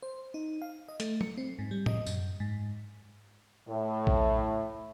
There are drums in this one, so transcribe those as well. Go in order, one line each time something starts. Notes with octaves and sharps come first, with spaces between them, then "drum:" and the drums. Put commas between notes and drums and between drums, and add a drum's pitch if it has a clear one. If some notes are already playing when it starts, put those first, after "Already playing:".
C5
D#4
F5
D#5
A3, drum: hi-hat
C#7, drum: tom F#3
C4
G#2
G3
D#5, drum: tom A2
F#2, drum: tambourine
G#2
A2
drum: kick A#1